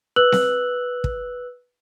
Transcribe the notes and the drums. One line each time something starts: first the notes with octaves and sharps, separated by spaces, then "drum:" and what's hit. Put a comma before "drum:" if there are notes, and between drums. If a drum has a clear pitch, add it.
B4 E6 F#6 F#7
drum: snare C4
drum: kick